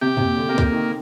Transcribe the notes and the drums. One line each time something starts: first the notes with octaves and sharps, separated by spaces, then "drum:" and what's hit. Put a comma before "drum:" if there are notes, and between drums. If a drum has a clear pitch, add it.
C3 G4
C3, drum: tom F2
A#2
D3
C3 A#3
drum: kick C#2
D#3